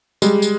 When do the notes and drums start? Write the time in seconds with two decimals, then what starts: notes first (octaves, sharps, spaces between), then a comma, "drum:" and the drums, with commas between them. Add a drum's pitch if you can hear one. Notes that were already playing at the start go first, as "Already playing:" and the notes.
0.22 G3 G#3, drum: tambourine
0.42 drum: tambourine